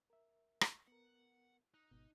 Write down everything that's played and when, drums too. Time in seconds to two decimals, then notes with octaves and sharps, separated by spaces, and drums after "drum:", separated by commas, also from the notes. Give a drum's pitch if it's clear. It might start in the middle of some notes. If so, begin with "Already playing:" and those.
0.10 A#4 E5
0.61 drum: rim click
0.88 B3 A#4 F#5
1.74 D#4 F#6
1.91 G#1 B2